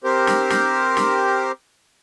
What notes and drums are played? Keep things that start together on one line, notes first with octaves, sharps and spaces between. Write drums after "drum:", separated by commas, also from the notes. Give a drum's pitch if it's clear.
C4 G4 A#4 C5
drum: snare
drum: snare
drum: snare